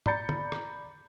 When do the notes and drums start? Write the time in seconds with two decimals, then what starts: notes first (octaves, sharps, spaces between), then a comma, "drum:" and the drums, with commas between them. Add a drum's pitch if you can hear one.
0.06 D5 A#5 B5 G6 A6 C#7, drum: tom
0.29 drum: tom
0.52 drum: rim click